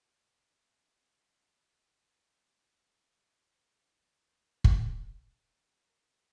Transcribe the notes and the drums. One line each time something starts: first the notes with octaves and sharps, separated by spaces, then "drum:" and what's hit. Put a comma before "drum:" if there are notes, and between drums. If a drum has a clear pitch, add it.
F3 B3 C4 F#4 G#4 D5 G#5 B5
F3
D2 A#4 C#5
drum: kick
A#4